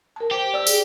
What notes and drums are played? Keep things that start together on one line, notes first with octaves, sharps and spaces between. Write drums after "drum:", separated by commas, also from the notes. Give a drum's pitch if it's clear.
A#4 A5
G4 C5
D5 E6
G#4, drum: tambourine